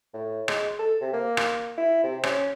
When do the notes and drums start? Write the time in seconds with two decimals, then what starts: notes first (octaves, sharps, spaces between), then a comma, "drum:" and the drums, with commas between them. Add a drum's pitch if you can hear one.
0.13 A2
0.48 G#3, drum: rim click
0.79 A4
1.01 C3
1.13 A#3
1.37 drum: rim click
1.77 E4
2.03 C3
2.23 C#4, drum: rim click